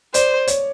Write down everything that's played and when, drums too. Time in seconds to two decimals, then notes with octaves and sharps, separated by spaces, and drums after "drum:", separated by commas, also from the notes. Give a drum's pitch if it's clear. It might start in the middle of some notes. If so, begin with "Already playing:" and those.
0.14 C5 D5, drum: hi-hat
0.47 C#5, drum: hi-hat